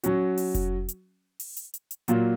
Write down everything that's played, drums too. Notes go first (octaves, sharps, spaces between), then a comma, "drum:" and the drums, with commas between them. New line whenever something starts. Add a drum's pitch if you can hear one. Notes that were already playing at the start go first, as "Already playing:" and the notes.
F#3 C#4 F#4, drum: hi-hat
drum: open hi-hat
drum: kick F1, hi-hat
drum: hi-hat
drum: open hi-hat
drum: hi-hat
drum: hi-hat
drum: hi-hat
A#2 F#3 A#3 F4, drum: hi-hat